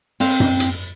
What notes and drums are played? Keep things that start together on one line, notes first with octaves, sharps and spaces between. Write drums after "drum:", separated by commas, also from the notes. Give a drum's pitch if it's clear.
C4 F5, drum: open hi-hat
drum: tom F#2
drum: hi-hat